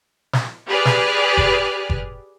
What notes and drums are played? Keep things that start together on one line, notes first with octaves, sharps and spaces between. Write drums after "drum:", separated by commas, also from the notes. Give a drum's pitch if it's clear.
drum: snare
G4 G#4 B4 D5 F6 F#6
drum: snare
drum: kick F#1
drum: kick F#1